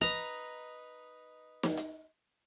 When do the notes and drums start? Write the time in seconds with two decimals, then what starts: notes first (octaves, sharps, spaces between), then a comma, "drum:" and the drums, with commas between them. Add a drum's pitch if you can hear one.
0.01 D#4 B4 A#5
1.63 drum: snare
1.77 drum: hi-hat